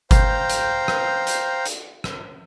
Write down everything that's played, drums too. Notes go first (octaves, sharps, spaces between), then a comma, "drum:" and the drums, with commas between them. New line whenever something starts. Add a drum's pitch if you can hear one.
C5 F5 G5 A#5, drum: kick G1, hi-hat
drum: hi-hat
drum: rim click
drum: hi-hat
drum: hi-hat
drum: rim click